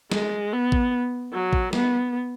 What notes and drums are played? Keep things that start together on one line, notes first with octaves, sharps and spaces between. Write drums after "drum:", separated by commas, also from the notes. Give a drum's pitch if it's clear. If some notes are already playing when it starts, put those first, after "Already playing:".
G#3, drum: snare
B3
drum: kick A1
F#3
drum: kick A1
B3, drum: snare